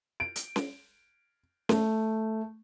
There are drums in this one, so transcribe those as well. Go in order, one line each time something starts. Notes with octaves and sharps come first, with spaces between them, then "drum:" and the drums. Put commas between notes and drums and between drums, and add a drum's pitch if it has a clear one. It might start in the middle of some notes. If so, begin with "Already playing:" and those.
D7
drum: hi-hat
drum: snare C#4
A3, drum: snare C#4